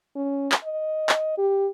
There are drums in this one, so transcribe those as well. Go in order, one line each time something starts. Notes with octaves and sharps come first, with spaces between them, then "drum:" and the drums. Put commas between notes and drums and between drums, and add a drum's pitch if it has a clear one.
C#4
drum: clap
D#5
drum: clap
G4